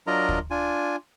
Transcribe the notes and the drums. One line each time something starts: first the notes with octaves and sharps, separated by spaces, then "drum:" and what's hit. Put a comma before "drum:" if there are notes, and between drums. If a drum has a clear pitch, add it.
F#3 D4 F4 A#4 D#5 A#5
drum: kick
D4 F4 G#5